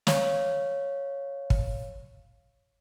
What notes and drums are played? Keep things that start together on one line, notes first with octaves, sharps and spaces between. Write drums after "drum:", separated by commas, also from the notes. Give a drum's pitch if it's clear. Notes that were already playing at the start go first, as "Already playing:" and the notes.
C#5 F5, drum: snare
drum: kick